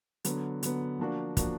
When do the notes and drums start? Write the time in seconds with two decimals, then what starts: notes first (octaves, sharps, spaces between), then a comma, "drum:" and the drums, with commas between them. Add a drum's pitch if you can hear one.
0.24 D3 F#3 B3, drum: hi-hat
0.63 D3 F#3 B3, drum: hi-hat
0.99 F3 A#3 D4 F#4
1.37 F3 A#3 D4 F#4, drum: kick, hi-hat